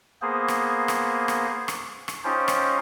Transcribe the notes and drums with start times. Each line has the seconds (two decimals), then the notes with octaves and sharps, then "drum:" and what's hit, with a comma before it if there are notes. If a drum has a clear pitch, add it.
0.22 A#3 B3 G#4 C5
0.48 drum: rim click
0.88 drum: rim click
1.28 drum: rim click
1.68 drum: rim click
2.08 drum: rim click
2.24 C#4 D#4 F4 G4 C5
2.48 drum: rim click